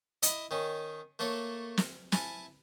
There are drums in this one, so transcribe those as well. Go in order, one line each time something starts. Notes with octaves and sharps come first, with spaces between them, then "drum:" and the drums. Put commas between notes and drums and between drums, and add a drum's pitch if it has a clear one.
E4 D#5, drum: hi-hat
D#3 C#4
A3 A#3 A4 C#5
drum: snare
E4 G#5 A5, drum: snare